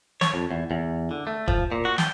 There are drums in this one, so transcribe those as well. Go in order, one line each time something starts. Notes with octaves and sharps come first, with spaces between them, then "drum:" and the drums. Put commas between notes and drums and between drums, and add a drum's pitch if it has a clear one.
C#5, drum: snare
F2
E2
E2
D3
A3
F3, drum: kick D#1
A#2
F#4
G5, drum: snare